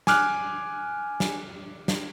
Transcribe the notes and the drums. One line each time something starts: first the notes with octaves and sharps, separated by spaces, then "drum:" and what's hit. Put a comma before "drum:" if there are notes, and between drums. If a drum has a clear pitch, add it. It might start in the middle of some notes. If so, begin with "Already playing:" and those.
G#5 D6 F6 F#6, drum: snare
drum: snare
drum: snare